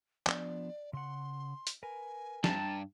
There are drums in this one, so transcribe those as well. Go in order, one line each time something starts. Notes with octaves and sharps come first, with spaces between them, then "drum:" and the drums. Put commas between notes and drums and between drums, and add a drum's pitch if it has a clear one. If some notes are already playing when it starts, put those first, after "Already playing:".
F3 B3 D4 D5, drum: clap
C#3 F#5 C6
drum: hi-hat
A#4 B4 G#5
G2 A5 A#5, drum: snare